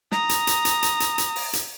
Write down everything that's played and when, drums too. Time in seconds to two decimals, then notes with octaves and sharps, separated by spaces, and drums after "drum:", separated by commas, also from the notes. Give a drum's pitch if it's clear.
0.12 A#5 D#6, drum: snare
0.29 drum: hi-hat
0.47 drum: hi-hat
0.65 drum: hi-hat
0.83 drum: hi-hat
1.00 drum: hi-hat
1.18 drum: hi-hat
1.36 drum: open hi-hat
1.53 drum: hi-hat